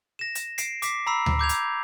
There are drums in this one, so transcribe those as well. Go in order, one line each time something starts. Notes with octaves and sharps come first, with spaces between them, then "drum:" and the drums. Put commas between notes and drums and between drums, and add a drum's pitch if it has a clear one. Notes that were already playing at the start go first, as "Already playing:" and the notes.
A#6 E7
drum: hi-hat
C7 D7, drum: hi-hat
D6 B6 C7, drum: hi-hat
A#5 B5 E6 C7
drum: tom D2
D6 G6 G#6 F7
drum: hi-hat